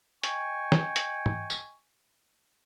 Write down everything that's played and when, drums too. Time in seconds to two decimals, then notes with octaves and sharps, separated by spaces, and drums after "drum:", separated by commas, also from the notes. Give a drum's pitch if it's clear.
0.23 D#5 G5 G#5 C#6, drum: hi-hat
0.72 drum: snare
0.96 drum: hi-hat
1.26 drum: tom
1.50 drum: tambourine